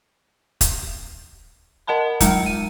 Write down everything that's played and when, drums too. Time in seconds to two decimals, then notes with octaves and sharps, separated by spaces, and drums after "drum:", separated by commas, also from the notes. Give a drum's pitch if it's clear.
0.61 drum: kick, hi-hat
1.87 A#4 D#5 F#5 A5 B5
2.20 F#3 G#3 A#5 F6 C#7, drum: kick, hi-hat
2.46 D#7